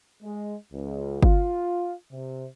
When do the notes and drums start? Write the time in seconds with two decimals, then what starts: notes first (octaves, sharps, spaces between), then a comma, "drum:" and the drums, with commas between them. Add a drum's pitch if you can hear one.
0.23 G#3
0.72 C#2
1.23 F4, drum: kick G1
2.12 C3